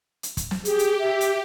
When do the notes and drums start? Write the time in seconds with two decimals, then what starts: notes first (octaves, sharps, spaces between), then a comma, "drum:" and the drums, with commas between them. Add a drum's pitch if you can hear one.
0.23 drum: hi-hat
0.37 drum: kick, hi-hat
0.51 drum: snare
0.65 G4 G#4, drum: hi-hat
0.79 drum: hi-hat
0.99 E5
1.21 drum: hi-hat